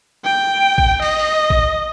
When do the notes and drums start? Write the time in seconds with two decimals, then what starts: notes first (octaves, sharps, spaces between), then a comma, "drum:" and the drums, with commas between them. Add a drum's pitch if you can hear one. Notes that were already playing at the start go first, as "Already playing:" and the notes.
0.25 G5
0.78 drum: kick A1
1.02 D#5, drum: open hi-hat
1.20 drum: open hi-hat
1.50 drum: kick A1